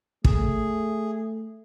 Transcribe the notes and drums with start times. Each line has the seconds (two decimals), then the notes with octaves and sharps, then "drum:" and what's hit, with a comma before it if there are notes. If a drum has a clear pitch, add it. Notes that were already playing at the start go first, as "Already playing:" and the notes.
0.24 A3 G#4, drum: kick